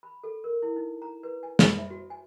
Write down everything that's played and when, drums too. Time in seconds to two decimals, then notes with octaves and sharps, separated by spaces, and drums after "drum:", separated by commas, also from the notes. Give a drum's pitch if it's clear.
0.03 B5
0.24 A4
0.44 A#4
0.62 E4
0.76 D#4
1.02 A#5
1.23 B4
1.43 G#5
1.59 B5, drum: snare
1.78 E5
1.90 F#4
2.10 G#5